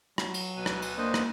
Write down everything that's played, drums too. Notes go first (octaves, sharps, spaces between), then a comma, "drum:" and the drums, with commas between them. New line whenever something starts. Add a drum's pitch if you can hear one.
F#3, drum: rim click
drum: cymbal
D2 B2 B4 G#5
drum: rim click
drum: cymbal
A#3 D4 C5 D#5
drum: rim click